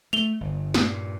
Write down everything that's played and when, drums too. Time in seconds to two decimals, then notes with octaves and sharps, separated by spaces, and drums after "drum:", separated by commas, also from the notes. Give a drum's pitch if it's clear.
0.13 A3 F7 G7
0.41 G1
0.74 G2 A#2, drum: snare